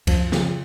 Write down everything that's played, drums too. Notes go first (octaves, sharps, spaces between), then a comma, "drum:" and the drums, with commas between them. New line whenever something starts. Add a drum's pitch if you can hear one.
F#2 F3, drum: kick C#2, cymbal
C#3 F3, drum: snare